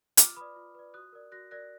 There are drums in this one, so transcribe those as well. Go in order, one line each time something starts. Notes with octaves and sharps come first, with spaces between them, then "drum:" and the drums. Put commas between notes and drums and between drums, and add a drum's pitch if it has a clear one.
F4 D6 F6, drum: hi-hat
B4 D5 B5 D#6
F4
B4 D5
F#4 D#6 F#6
A#4 D5
F#4 F#6 A#6
A#4 D5 F#6 A#6